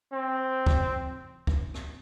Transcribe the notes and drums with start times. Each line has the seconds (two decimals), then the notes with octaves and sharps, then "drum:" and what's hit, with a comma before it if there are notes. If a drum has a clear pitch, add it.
0.13 C4
0.66 drum: kick
1.47 drum: kick
1.74 drum: rim click